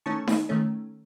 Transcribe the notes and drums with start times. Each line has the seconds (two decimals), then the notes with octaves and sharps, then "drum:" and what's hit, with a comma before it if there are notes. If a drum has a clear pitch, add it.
0.06 D#3 A3 C#4 A5 C#6
0.27 drum: snare D#4
0.49 D#3 A3 C#4